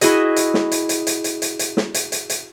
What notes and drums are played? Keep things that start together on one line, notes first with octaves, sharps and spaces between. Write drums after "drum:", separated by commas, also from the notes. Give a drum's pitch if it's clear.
E4 F#4 G#4 D#5, drum: hi-hat
drum: hi-hat
drum: snare
drum: hi-hat
drum: hi-hat
drum: hi-hat
drum: hi-hat
drum: hi-hat
drum: hi-hat
drum: snare
drum: hi-hat
drum: hi-hat
drum: hi-hat